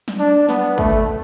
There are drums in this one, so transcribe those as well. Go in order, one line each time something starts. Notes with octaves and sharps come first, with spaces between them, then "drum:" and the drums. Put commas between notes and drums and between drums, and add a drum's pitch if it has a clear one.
drum: snare
D4
B3, drum: snare
A3, drum: kick